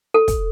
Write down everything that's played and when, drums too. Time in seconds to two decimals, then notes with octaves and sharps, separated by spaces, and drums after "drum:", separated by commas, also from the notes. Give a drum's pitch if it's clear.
0.14 A4
0.28 drum: kick, hi-hat